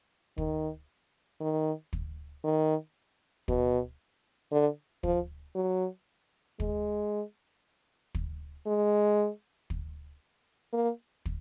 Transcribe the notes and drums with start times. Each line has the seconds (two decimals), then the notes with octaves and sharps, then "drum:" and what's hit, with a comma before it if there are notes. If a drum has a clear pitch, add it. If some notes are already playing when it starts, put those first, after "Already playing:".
0.38 D#3, drum: kick
1.41 D#3
1.93 drum: kick
2.44 D#3
3.48 B2, drum: kick
4.51 D3
5.03 F3, drum: kick
5.55 F#3
6.60 G#3, drum: kick
8.15 drum: kick
8.66 G#3
9.70 drum: kick
10.73 A#3
11.25 drum: kick